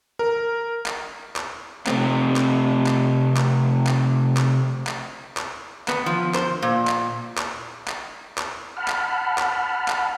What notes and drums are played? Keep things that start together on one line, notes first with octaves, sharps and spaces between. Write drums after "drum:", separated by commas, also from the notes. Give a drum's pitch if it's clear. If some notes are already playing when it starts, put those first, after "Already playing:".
A#4
drum: clap
drum: clap
C3 A3 C4, drum: clap
drum: clap
drum: clap
drum: clap
drum: clap
drum: clap
drum: clap
drum: clap
B3, drum: clap
F3
C5, drum: clap
A#2
drum: clap
drum: clap
drum: clap
drum: clap
F#5 A5 B5 F6
drum: clap
drum: clap
drum: clap